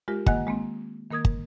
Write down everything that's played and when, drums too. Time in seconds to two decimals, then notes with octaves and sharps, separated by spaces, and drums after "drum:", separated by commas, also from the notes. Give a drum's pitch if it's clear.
0.08 G#3 F4 G4 A#4
0.26 D#3 A#3 D#5 F#5 G#5 F#6, drum: kick
0.47 G#3 A#3 C4
1.10 D#3 A#3 A#4 D#6 G#6
1.25 drum: kick